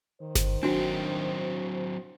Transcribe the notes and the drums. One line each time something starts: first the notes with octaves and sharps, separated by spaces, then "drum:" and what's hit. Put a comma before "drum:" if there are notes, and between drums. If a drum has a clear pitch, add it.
D#3 C5
drum: snare G1
F#3 C4 D4 F#4